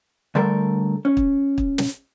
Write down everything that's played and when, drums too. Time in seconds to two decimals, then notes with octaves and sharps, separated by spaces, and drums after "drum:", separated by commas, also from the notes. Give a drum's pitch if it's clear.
0.35 D3 G3 A3 A4 A#4
1.05 C#4
1.17 drum: kick
1.58 drum: kick
1.78 drum: snare